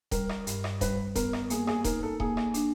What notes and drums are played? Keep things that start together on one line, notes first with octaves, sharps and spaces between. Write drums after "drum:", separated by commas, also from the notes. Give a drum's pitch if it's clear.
G3 A#4, drum: kick D#1, hi-hat
drum: rim click
G2, drum: hi-hat
drum: rim click
G3 B4, drum: kick D#1, hi-hat
B3 A#4, drum: kick D#1, hi-hat
drum: rim click
A#3 G#4, drum: hi-hat
G#4, drum: rim click
D#4 A#4, drum: kick D#1, hi-hat
A4
A#3 G#4, drum: kick D#1
drum: rim click
D4, drum: hi-hat